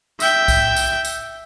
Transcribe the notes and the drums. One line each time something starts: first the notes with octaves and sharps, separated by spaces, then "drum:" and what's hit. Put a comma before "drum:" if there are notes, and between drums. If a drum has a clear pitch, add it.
E5 G5, drum: tambourine
drum: kick B1, tambourine
drum: tambourine
drum: tambourine